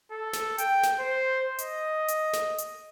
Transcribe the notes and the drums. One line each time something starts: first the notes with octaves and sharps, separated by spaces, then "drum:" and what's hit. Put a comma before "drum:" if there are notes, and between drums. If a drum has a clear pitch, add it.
A4
drum: snare
G5, drum: hi-hat
drum: snare
C5
D#5, drum: hi-hat
drum: hi-hat
drum: snare
drum: hi-hat